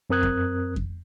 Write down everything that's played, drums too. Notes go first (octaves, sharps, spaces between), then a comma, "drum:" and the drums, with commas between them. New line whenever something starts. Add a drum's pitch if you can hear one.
F#2 C4 A#4 D#6 F#6 G#6
drum: kick F2
drum: kick F2